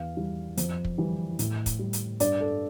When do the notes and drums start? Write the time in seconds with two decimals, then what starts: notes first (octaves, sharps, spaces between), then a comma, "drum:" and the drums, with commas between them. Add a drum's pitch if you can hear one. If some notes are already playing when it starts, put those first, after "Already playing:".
Already playing: E2 F5
0.17 E3 G3
0.57 F2, drum: hi-hat
0.85 drum: kick
0.98 E3 G3
1.39 A2, drum: hi-hat
1.66 drum: kick, hi-hat
1.79 G3
1.93 drum: hi-hat
2.20 G2 D5, drum: hi-hat
2.41 A4